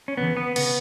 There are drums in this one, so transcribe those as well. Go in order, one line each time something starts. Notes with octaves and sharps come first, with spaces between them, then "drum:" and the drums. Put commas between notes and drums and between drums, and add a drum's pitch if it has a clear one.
C#4
E2 C#3 E3 B3
B3
C#3 B3, drum: cymbal